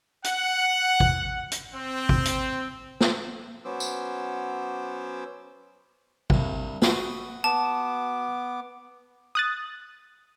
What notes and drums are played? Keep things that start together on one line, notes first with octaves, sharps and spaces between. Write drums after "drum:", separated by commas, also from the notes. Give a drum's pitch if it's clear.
F#5, drum: hi-hat
drum: kick G#1
drum: hi-hat
C4
drum: kick G#1
drum: hi-hat
drum: snare
F#3 B3 C#4 C5 D6 E6
drum: tambourine
C2 G2, drum: kick G#1
F#4 B4 D#5, drum: snare
B3 A5 D6
D#6 F#6 A6